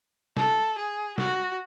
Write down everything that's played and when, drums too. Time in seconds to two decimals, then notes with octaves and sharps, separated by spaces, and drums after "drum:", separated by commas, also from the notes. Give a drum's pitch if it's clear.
0.37 A4, drum: snare
0.78 G#4
1.18 F#4, drum: snare